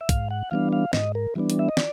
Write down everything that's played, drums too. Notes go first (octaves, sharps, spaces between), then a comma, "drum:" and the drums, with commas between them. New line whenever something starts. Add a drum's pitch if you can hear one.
E5
G#2 F5, drum: kick, hi-hat
F#5
E3 G3 B3 D4 F5
F5
G#2 D#5, drum: snare
A#4
E3 G3 B3 D4
drum: hi-hat
E5
D#5
D5, drum: snare